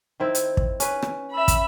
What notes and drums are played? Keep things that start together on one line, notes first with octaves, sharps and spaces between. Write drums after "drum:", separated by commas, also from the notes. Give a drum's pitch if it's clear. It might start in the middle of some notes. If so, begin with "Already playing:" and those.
D#3 C4 E4
drum: hi-hat
drum: kick
C#4 B4, drum: hi-hat
drum: rim click
E5 B5
drum: kick, hi-hat